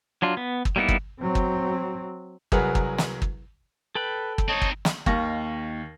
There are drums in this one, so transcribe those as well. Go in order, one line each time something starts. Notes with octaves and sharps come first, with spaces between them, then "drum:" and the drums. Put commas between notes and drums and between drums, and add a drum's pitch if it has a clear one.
F#3 D4 F4
B3
drum: kick
G3 A#3 B3 D#4 E4
drum: kick
F#3 C4
drum: kick
C2 F#3 G#4 A#4 B4 F#5, drum: kick
drum: kick
drum: snare
drum: kick
A4 B4 G5 B5
drum: kick
C4 D#4 C#5 D#5 A5
drum: kick
drum: snare
D#2 D#3 F5 C#6 A#6, drum: kick